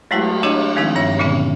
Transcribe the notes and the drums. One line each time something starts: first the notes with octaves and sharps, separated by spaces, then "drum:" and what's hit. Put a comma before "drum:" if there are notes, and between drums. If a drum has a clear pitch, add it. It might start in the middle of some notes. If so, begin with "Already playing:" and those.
F#3 G#3 A3 E4 F#4, drum: cymbal
D4 E4 G4 G#4 C#5 D#5
D#3 F3 G#3 C4 D#4 E4
G2 E4 C#5 E5
A#2 D3 G#3 B3 C#4